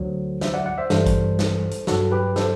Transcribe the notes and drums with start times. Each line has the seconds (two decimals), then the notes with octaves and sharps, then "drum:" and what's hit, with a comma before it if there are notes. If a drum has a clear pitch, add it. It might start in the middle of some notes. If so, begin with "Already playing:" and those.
Already playing: D2 D3 F#3 A4 C5
0.41 C5 E5, drum: snare
0.54 D5 F#5
0.66 D5 F#5
0.78 C5 E5
0.90 G2 E3 G3 A4 C5, drum: snare
1.06 drum: kick, hi-hat
1.39 drum: snare
1.71 drum: hi-hat
1.87 G2 F#3 F#4 A4, drum: snare
2.12 G4 B4
2.36 A4 C5, drum: snare